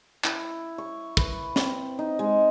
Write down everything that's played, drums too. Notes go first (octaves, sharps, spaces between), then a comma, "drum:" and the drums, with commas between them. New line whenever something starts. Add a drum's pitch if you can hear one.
E4, drum: clap
C#6
B4, drum: kick
C4, drum: snare
D#4
G#3